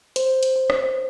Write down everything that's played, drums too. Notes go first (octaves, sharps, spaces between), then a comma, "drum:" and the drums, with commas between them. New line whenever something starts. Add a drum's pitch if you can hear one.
C5, drum: hi-hat
drum: hi-hat
C5
drum: rim click